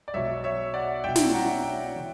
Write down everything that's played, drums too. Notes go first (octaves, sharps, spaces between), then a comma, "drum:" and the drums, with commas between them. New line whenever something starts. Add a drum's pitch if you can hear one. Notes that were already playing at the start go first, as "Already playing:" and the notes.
D5
B1 B2 C#5 E5
C#5 E5
D5 F#5
B1 B2 E5 G5
drum: snare
F#5 A#5
E5 G5
C#3 E3